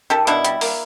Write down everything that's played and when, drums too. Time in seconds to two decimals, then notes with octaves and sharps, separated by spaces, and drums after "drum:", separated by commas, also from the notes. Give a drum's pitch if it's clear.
0.10 D#3 G4 A4
0.27 B2 D4 E4, drum: hi-hat
0.45 G3, drum: hi-hat
0.61 A#3, drum: open hi-hat